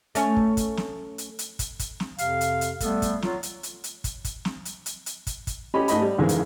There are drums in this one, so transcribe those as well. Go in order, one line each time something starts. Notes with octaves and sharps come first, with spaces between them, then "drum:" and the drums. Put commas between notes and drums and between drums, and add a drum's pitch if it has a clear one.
A3 C#4, drum: hi-hat
drum: kick
drum: kick, hi-hat
drum: snare
drum: hi-hat
drum: hi-hat
drum: kick, hi-hat
drum: kick, hi-hat
drum: snare
F2 C3 F5, drum: hi-hat
drum: hi-hat
drum: hi-hat
G3 A3 B3 A4, drum: kick, hi-hat
drum: kick, hi-hat
F#3 F4, drum: snare
drum: hi-hat
drum: hi-hat
drum: hi-hat
drum: kick, hi-hat
drum: kick, hi-hat
drum: snare
drum: hi-hat
drum: hi-hat
drum: hi-hat
drum: kick, hi-hat
drum: kick, hi-hat
C#4 G4 D#5 B5
G#2 A3 D#5 B5, drum: hi-hat
G3
A1 F2 G#2 D#3 E3 G#3
drum: hi-hat